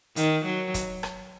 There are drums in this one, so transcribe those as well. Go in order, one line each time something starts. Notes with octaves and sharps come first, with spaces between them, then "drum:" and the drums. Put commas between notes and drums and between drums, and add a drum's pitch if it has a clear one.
D#3, drum: hi-hat
F#3
drum: kick, hi-hat
drum: rim click